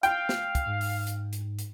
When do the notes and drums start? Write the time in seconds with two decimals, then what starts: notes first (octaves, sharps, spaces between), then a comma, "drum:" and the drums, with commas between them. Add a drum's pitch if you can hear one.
0.03 F5 G5, drum: hi-hat
0.29 drum: snare
0.55 drum: kick, hi-hat
0.66 G#2
0.81 drum: open hi-hat
1.07 drum: hi-hat
1.33 drum: hi-hat
1.59 drum: hi-hat